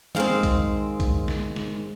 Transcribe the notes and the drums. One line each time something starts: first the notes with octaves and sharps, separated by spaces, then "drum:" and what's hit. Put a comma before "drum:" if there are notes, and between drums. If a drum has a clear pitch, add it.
G#2 D#3 G#3 C4 F5, drum: tom
drum: kick B1, hi-hat
drum: kick B1, hi-hat
drum: snare
drum: snare